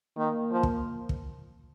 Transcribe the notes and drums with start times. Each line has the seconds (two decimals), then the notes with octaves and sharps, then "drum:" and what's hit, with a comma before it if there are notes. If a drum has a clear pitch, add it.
0.17 D#3 A#3
0.52 F3
0.63 drum: kick
1.09 drum: kick